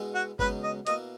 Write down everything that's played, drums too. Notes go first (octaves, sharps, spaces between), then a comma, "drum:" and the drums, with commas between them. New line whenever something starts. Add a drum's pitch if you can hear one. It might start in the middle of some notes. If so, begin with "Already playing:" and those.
Already playing: B2 G#3 B3 E4
F#4
C#2 B2 F#3 B3 D#4 B4, drum: kick G1
D#5
B2 A#3 E4 D#5, drum: hi-hat